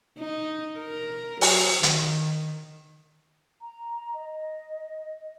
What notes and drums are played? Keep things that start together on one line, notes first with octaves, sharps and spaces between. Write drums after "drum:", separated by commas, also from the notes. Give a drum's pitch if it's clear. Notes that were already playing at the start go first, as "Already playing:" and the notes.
D#4
A#4
F#3, drum: open hi-hat
D#3, drum: hi-hat
A#5
D#5